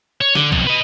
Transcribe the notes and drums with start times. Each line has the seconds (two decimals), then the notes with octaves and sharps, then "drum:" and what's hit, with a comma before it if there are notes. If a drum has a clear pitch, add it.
0.21 C#5
0.35 D3, drum: snare
0.52 B1 F2, drum: kick B1
0.67 B4 D#5